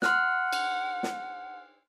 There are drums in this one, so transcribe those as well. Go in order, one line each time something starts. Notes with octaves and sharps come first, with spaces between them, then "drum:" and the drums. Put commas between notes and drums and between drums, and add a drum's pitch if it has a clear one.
F#5 C6 F6 F#6, drum: snare
drum: cymbal
drum: snare